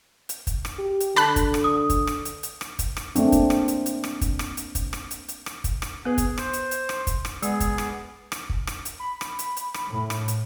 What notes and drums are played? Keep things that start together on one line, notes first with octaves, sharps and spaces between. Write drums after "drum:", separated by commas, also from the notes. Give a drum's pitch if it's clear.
drum: hi-hat
drum: kick, hi-hat
drum: rim click
G4
drum: hi-hat
D3 A5 B5 F#6, drum: rim click
drum: kick, hi-hat
drum: rim click
D#6
drum: kick, hi-hat
drum: rim click
drum: hi-hat
drum: hi-hat
drum: rim click
drum: kick, hi-hat
drum: rim click
A3 A#3 C4 D4, drum: hi-hat
drum: kick, hi-hat
drum: rim click
drum: hi-hat
drum: hi-hat
drum: rim click
drum: kick, hi-hat
drum: rim click
drum: hi-hat
drum: kick, hi-hat
drum: rim click
drum: hi-hat
drum: hi-hat
drum: rim click
drum: kick, hi-hat
drum: rim click
B3 G#4 B4
drum: kick, hi-hat
C5, drum: rim click
drum: hi-hat
drum: hi-hat
drum: rim click
drum: kick, hi-hat
drum: rim click
G#3 B3 G#4, drum: hi-hat
drum: kick, hi-hat
drum: rim click
drum: rim click
drum: kick
drum: rim click
drum: hi-hat
B5
drum: rim click
drum: hi-hat
drum: hi-hat
drum: rim click
A2
drum: rim click
drum: hi-hat